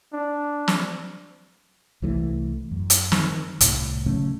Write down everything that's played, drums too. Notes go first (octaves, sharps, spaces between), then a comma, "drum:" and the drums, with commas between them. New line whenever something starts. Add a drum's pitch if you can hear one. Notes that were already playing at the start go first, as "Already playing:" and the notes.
D4
drum: snare
C2 E3 G3 A3
F#2
drum: hi-hat
D#3, drum: snare
C2 A2, drum: hi-hat
C#3 F#3 A3 C#4